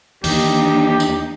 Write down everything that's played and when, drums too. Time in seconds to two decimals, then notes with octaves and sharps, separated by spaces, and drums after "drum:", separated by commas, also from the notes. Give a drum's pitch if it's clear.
0.24 E2 D#3 A#3 D4 D#4 G4, drum: open hi-hat
1.00 drum: tambourine